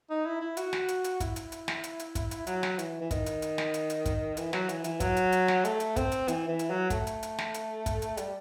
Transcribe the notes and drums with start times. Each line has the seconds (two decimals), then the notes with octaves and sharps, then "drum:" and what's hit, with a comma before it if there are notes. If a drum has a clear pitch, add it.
0.10 D#4
0.26 E4
0.41 E4
0.57 F#4, drum: hi-hat
0.73 drum: snare
0.88 drum: hi-hat
1.04 drum: hi-hat
1.20 E4, drum: kick, hi-hat
1.36 drum: hi-hat
1.52 drum: hi-hat
1.68 drum: snare
1.84 drum: hi-hat
1.99 drum: hi-hat
2.15 drum: kick, hi-hat
2.31 drum: hi-hat
2.47 F#3, drum: hi-hat
2.63 drum: snare
2.79 E3, drum: hi-hat
3.01 E3
3.11 D#3, drum: kick, hi-hat
3.26 drum: hi-hat
3.42 drum: hi-hat
3.58 drum: snare
3.74 drum: hi-hat
3.90 drum: hi-hat
4.06 drum: kick, hi-hat
4.37 E3, drum: hi-hat
4.53 F#3, drum: snare
4.69 E3, drum: hi-hat
4.84 E3, drum: hi-hat
5.00 F#3, drum: kick, hi-hat
5.17 drum: hi-hat
5.32 drum: hi-hat
5.48 drum: snare
5.65 A3, drum: hi-hat
5.80 drum: hi-hat
5.96 C4, drum: kick, hi-hat
6.12 drum: hi-hat
6.28 E3, drum: hi-hat
6.48 E3
6.59 drum: hi-hat
6.70 F#3
6.90 A3, drum: kick, hi-hat
7.07 drum: hi-hat
7.23 drum: hi-hat
7.38 drum: snare
7.54 drum: hi-hat
7.86 drum: kick, hi-hat
8.02 drum: hi-hat
8.17 G3, drum: hi-hat